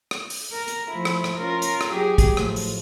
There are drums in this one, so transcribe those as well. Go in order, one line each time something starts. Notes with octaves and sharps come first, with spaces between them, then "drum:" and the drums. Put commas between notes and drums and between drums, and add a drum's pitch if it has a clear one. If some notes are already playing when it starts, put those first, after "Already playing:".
drum: rim click
drum: open hi-hat
A#4
drum: hi-hat
F3 A3 E4
drum: rim click
drum: rim click
C#4 F4 A#4
drum: hi-hat
drum: rim click
F#3 G4 G#4
drum: kick, hi-hat
A2 F3 A3, drum: rim click
drum: open hi-hat